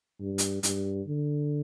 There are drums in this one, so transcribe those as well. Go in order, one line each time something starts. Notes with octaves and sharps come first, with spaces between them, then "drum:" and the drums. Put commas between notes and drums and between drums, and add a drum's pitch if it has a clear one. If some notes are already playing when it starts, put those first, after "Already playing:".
G2
drum: hi-hat
G2, drum: hi-hat
D3